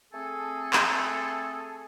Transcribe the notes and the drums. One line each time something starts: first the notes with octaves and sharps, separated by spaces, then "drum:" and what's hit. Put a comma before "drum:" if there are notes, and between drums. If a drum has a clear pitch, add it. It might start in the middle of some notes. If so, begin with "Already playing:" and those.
A3 C4 G#4 A4 G#5 A5
drum: clap